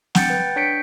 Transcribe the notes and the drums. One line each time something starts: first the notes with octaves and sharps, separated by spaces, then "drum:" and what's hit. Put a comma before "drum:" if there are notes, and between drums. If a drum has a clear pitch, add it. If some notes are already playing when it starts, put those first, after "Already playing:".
F#5 G5 G6 A6 C#7, drum: snare
B4 G5
D4 C#5 G6 B6 C#7 D7